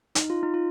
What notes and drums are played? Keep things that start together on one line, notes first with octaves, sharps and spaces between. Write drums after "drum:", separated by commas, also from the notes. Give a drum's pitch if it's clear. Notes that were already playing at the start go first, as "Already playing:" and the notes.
D#4, drum: hi-hat
F4
D#4
F4